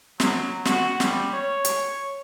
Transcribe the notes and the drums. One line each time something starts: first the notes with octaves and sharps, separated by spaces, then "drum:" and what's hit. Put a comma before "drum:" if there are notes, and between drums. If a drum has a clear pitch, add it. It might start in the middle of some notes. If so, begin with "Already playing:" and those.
F#3, drum: snare
F#4, drum: snare
G3, drum: snare
C#5
drum: hi-hat